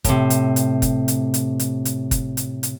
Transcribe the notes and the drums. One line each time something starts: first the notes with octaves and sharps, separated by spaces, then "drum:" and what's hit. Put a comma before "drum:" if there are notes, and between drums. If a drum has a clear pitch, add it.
A2 C3, drum: kick, hi-hat
drum: hi-hat
drum: hi-hat
drum: kick, hi-hat
drum: hi-hat
drum: hi-hat
drum: hi-hat
drum: hi-hat
drum: kick, hi-hat
drum: hi-hat
drum: hi-hat